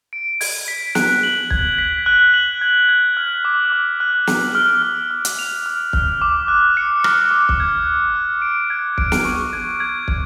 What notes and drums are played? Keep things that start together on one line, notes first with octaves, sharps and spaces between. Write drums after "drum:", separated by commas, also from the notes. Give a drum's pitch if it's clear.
D7
G#6, drum: open hi-hat
B6
F#6, drum: snare
F#7
G#6, drum: kick
B6
F#6
F#7
G#6
G#6
F6
D6
D6
F#6
F#6, drum: snare
F6
F6
F6
drum: hi-hat
F7
F6
F6, drum: kick
D6
F#6
C#7
F6, drum: rim click
D6
drum: kick
G#6
F#6
F#6
D7
G#6
D7, drum: kick
drum: snare
C#6
G#6
G#6
G#6, drum: kick